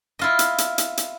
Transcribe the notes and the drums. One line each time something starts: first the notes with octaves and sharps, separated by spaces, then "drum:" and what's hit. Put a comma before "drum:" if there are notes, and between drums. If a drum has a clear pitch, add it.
E4 F4 D#5
drum: hi-hat
drum: hi-hat
drum: hi-hat
drum: hi-hat